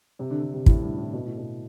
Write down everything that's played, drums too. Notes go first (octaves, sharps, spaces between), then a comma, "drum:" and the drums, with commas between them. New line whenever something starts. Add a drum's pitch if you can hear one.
C3
D3
D3
C3
A2, drum: kick
G2
A2
B2
A2
B2